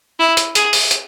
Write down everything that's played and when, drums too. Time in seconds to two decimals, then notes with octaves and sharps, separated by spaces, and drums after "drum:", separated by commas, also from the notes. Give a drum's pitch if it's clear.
0.20 E4
0.37 drum: hi-hat
0.55 G#4, drum: hi-hat
0.73 drum: open hi-hat
0.91 drum: hi-hat